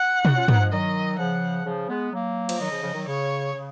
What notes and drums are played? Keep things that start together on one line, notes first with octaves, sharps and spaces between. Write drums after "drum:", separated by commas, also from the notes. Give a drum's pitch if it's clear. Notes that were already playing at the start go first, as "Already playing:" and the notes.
Already playing: F#5
D#4 F#4, drum: tom
C#4 F4
B3 D#4, drum: tom
F3 G#3
D#3 F#3 D#5
C#3 F3 F#5
C#3 F3
G#3 B3
F#3 A#3
F3, drum: cymbal
D#3 F#3 D#5
C#3 F3
C#3 F3
D#3 F#3
C#3 C#5
C#3